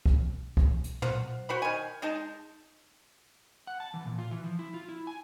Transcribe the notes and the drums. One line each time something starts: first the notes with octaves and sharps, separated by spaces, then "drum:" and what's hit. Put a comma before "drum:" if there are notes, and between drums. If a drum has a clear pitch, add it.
drum: kick
drum: kick
drum: hi-hat
F4 C5 F#5, drum: tom
F#4 C5 B5
D#3 G#5
G#3 D#4 A5
F#5
A5
E3
A#2
F4
E3
F3
E4
F4
E4
G#5